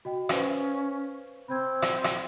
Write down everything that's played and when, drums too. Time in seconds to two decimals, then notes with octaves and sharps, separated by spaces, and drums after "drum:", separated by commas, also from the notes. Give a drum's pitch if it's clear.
0.05 F#4 D#5 G5
0.29 C#4 B4 C5 F5, drum: rim click
1.48 C4 B5 G6 G#6
1.82 drum: rim click
2.04 drum: rim click